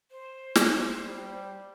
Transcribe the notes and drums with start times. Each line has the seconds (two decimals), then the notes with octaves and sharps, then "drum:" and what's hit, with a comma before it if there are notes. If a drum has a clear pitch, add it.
0.11 C5
0.56 drum: snare
1.08 G3